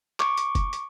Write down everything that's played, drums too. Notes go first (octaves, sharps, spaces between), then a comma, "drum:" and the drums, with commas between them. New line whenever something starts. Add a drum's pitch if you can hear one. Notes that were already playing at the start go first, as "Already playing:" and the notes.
C#6 D6, drum: clap
drum: hi-hat
drum: kick F#1, hi-hat
drum: hi-hat